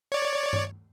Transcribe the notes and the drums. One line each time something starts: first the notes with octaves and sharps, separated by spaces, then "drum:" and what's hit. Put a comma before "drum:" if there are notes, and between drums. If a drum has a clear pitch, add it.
C#5 D5
drum: tom G2